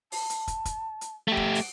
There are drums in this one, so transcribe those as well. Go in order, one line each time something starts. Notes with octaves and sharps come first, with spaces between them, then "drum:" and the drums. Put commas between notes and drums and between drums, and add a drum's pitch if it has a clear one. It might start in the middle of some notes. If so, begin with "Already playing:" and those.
A5, drum: open hi-hat
drum: hi-hat
drum: kick, hi-hat
drum: kick, hi-hat
drum: hi-hat
A3 G4 F#5
drum: kick
drum: open hi-hat